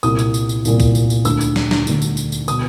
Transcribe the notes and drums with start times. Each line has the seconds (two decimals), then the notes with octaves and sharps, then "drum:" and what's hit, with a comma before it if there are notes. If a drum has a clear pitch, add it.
0.03 C2 A#2 D#6, drum: tambourine
0.19 drum: tambourine
0.34 drum: tambourine
0.49 drum: tambourine
0.65 C2 A#2, drum: tambourine
0.80 drum: kick C2, tambourine
0.95 drum: tambourine
1.10 drum: tambourine
1.25 D2 D3 E6, drum: tambourine
1.41 drum: tambourine
1.56 drum: snare
1.71 drum: snare
1.87 D2 D3, drum: tambourine
2.02 drum: tambourine
2.17 drum: tambourine
2.32 drum: tambourine
2.48 B2 D#6, drum: tambourine